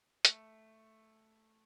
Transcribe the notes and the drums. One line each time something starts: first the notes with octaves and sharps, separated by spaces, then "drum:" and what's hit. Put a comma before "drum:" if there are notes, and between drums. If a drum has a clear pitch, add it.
A3, drum: hi-hat